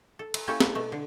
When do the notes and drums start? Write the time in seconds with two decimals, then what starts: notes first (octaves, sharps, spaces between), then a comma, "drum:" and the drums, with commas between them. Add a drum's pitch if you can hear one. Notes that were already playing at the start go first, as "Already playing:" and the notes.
0.19 A4
0.34 E5, drum: cymbal
0.48 A#3 C#4 E4 G4 A4
0.60 A4 B4 D5, drum: snare
0.75 B2 A3
0.92 D3